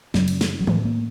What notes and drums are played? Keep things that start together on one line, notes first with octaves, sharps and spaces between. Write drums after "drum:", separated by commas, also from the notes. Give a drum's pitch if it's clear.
F#2 C#3 F#3, drum: snare
drum: cymbal
drum: snare
F#3
A2 A3, drum: tom D3
A#3